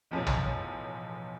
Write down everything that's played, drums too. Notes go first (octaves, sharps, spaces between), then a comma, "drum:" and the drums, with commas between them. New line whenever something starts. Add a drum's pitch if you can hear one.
B1 E2 A2 F3 F#3
drum: tom